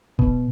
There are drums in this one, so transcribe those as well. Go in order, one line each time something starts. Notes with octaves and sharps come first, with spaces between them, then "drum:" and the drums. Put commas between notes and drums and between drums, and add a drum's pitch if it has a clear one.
B2, drum: kick E1